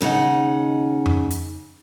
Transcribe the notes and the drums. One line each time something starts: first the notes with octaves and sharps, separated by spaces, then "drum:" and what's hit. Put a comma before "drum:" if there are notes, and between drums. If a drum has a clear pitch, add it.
D#2 C#3 D#4 F#5
drum: tom F2
drum: hi-hat